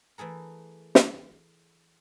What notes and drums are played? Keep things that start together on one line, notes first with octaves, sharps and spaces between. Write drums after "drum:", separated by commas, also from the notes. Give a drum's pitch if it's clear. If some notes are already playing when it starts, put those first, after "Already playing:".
E3 A3 G#4 A#4
drum: snare